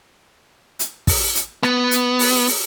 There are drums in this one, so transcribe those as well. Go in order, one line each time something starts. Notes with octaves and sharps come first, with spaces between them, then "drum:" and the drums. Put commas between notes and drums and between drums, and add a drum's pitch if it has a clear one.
drum: hi-hat
drum: kick, open hi-hat
drum: hi-hat
B3, drum: rim click
drum: hi-hat
drum: open hi-hat
drum: open hi-hat